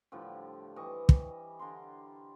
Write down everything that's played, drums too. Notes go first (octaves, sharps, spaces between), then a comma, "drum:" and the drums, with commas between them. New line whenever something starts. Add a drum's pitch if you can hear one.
A2 D3 F3 G3
E3 G3 D#5 C#6
drum: kick
D3 A#5 C6